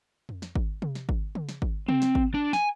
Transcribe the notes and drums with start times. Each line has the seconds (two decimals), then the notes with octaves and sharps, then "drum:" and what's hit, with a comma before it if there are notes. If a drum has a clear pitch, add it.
0.29 drum: tom F2
0.42 drum: snare
0.56 drum: kick G#1
0.82 drum: tom C3
0.95 drum: snare
1.09 drum: kick G#1
1.35 drum: tom C#3
1.49 drum: snare
1.62 drum: kick G#1
1.89 C4, drum: tom C3
2.02 drum: snare
2.15 drum: kick G#1
2.34 D4
2.53 G#5, drum: snare